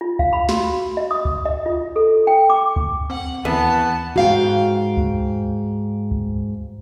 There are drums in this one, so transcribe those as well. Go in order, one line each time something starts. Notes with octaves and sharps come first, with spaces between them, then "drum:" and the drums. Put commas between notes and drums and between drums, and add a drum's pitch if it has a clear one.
F4
F5, drum: kick
B5
F#4, drum: snare
D#5
D#6
drum: kick
D#5
F4
A4
G5
D6
drum: kick
C4 F#5
D#2 E3 B3 A5
G#2 F#4 F5 G5
drum: kick
drum: kick